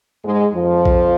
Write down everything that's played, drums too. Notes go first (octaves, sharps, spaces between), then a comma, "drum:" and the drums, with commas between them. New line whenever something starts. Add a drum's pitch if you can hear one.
G#2 G#3
F2 F3
drum: kick